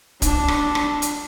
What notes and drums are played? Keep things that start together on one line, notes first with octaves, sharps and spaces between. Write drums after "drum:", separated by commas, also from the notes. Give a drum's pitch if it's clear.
D4, drum: kick, hi-hat
drum: rim click
drum: rim click
drum: hi-hat